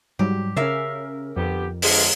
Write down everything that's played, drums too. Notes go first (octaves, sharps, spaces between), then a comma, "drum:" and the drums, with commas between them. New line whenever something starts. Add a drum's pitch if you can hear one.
G#2 F#3 G3 G4
C#3 C#4 A#4 E5 F5
F2 D3 B3 G4
D3 F3 G#3, drum: open hi-hat